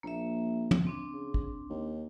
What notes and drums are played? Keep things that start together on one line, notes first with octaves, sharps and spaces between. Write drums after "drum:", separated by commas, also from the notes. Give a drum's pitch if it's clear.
A#1 A#3 E5
drum: tom
C4 D4
C#3
drum: kick
D#2